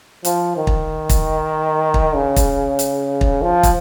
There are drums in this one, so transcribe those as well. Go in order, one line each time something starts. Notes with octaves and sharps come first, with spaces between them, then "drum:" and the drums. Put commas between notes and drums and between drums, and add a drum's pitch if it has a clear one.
F3, drum: hi-hat
D#3
drum: kick
drum: kick, hi-hat
drum: kick
C#3
drum: kick, hi-hat
drum: hi-hat
drum: kick
F3
drum: kick, hi-hat